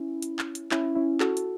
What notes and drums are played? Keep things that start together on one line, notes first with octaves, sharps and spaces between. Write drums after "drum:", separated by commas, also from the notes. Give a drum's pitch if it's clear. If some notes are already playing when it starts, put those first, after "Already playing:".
Already playing: C#4 E4
drum: hi-hat
drum: clap
drum: hi-hat
C#4 E4, drum: clap
C#4 E4
F#4 A4, drum: clap
drum: hi-hat